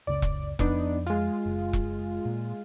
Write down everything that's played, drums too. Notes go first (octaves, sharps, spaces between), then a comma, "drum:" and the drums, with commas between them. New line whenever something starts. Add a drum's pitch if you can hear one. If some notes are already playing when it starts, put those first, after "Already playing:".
F#1 C#2 C#3 D5
drum: kick E1
F2 B3 D4 D#4, drum: kick E1
G#3 F4, drum: hi-hat
F#1
drum: kick E1
A#2